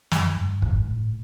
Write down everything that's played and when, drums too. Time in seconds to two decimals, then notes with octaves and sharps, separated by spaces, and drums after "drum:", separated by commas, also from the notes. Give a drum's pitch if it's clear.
0.11 F#2, drum: snare
0.38 G2
0.62 G#2, drum: kick
0.87 A2